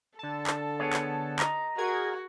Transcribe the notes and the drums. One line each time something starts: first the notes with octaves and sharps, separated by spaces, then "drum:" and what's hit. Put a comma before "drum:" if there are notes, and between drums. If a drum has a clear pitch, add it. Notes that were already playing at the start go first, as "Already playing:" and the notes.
D3 A4 A5
drum: clap
B3 G#4 C#5
drum: clap
D#5 A#5, drum: clap
F#4 G#4 A#4 G#6